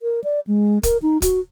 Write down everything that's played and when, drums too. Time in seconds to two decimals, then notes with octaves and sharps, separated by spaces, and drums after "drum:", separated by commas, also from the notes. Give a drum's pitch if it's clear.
0.01 A#4
0.24 D5
0.47 G#3
0.83 A#4, drum: kick, hi-hat
1.02 D#4
1.22 F#4, drum: kick, hi-hat